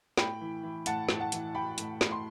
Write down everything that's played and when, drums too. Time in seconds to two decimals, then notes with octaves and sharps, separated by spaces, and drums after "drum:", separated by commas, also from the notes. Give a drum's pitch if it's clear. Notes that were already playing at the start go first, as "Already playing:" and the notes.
0.17 A2 G5 B5, drum: snare
0.41 E3
0.63 E3
0.86 A2 F#5 A5, drum: hi-hat
1.09 A2, drum: snare
1.20 F#5 A5
1.32 E3, drum: hi-hat
1.54 E3 G5 B5
1.78 A2, drum: hi-hat
2.01 A2, drum: snare
2.11 C6